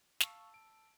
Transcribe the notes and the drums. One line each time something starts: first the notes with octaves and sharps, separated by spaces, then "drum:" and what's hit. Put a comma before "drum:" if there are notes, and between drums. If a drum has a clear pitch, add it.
F5 A5 C#6 E6, drum: snare
D7